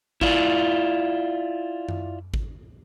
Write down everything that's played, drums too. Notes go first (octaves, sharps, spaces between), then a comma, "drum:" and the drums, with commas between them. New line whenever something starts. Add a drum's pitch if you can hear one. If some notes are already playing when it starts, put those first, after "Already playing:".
E4 F4 D5, drum: kick G#1
drum: tom F#2
drum: kick G#1